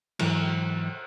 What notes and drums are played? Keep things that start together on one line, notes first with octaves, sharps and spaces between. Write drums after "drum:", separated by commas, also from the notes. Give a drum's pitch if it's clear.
G#2 E3 F#3, drum: cymbal